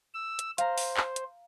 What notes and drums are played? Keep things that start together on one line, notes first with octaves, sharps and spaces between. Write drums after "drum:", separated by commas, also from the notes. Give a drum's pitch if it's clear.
E6
drum: hi-hat
C5 F5 A#5, drum: hi-hat
drum: open hi-hat
drum: clap
drum: hi-hat